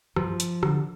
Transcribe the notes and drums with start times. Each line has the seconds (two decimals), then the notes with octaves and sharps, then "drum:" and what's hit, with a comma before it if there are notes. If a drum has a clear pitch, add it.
0.16 G2 F3, drum: rim click
0.40 drum: hi-hat
0.63 D3, drum: rim click